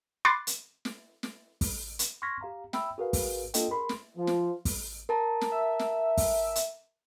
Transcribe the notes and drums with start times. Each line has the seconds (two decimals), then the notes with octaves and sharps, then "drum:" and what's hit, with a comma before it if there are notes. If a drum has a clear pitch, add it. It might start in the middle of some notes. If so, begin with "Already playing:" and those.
0.25 B5 C6 D6 F#6 A6 C7
0.47 drum: hi-hat
0.85 drum: snare
1.23 drum: snare
1.61 drum: kick, open hi-hat
1.99 drum: hi-hat
2.22 C6 C#6 F6 G#6 A#6 B6
2.41 G4 F5 A#5
2.73 E5 G5 B5 E6, drum: snare
2.98 F#4 G#4 A#4 B4 F5
3.13 drum: kick, open hi-hat
3.54 A#3 D4 F4 A4 D#5 G5, drum: hi-hat
3.70 G#4 A#4 B5 C6
3.89 drum: snare
4.17 F3
4.27 drum: snare
4.65 drum: kick, open hi-hat
5.09 A#4 A5 A#5
5.41 drum: snare
5.52 E5
5.79 drum: snare
6.17 drum: kick, open hi-hat
6.55 drum: hi-hat